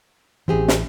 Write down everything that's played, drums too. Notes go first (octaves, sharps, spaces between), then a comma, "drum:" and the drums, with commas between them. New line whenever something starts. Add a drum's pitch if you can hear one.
A1 E3 C4 G4 G#4
drum: snare